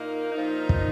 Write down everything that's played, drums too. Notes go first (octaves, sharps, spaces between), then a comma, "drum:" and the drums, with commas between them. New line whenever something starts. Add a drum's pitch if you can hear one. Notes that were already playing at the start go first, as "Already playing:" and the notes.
Already playing: A#2 A#3 D#4
A#2 F3 D#4
drum: kick